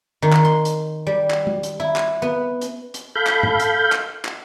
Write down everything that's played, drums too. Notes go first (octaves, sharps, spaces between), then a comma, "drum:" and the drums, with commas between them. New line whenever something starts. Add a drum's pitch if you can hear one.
D#3
drum: clap
C6
drum: hi-hat
G3
drum: clap
drum: tom
drum: hi-hat
E4
drum: clap
B3
drum: hi-hat
drum: hi-hat
A4 F5 B5 G6
drum: clap
drum: tom G#2
drum: hi-hat
drum: clap
drum: clap